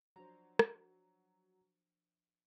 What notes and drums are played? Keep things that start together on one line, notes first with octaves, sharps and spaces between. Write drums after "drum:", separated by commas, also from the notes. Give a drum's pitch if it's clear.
F3 F#3 D4 C5 A#5
drum: rim click